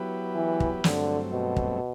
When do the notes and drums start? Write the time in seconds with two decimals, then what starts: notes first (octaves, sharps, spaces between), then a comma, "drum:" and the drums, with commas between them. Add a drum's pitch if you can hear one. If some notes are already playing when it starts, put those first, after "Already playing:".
Already playing: F#3 B3 E4 G4 B4
0.36 E3
0.60 drum: kick
0.84 G2 D3 F#3 A3 C4, drum: snare
1.32 B2
1.56 drum: kick